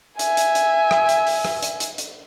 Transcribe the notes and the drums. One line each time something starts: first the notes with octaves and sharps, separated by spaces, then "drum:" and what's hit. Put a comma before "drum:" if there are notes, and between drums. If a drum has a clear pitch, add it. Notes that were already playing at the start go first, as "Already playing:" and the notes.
E5 G#5, drum: hi-hat
drum: hi-hat
drum: hi-hat
drum: rim click
drum: hi-hat
drum: open hi-hat
drum: rim click
drum: hi-hat
drum: hi-hat
drum: hi-hat